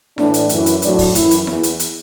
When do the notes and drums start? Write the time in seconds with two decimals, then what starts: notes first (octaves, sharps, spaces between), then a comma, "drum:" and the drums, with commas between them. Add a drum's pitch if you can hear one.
0.18 A2 E3 D4, drum: snare E4
0.34 drum: hi-hat
0.49 F#2 E3, drum: hi-hat
0.66 drum: hi-hat
0.82 A2 F#3 D4, drum: hi-hat
0.98 drum: kick, open hi-hat
1.15 F#2 E3 E4, drum: hi-hat
1.31 drum: hi-hat
1.47 E2 E3, drum: snare E4
1.63 drum: hi-hat
1.80 drum: hi-hat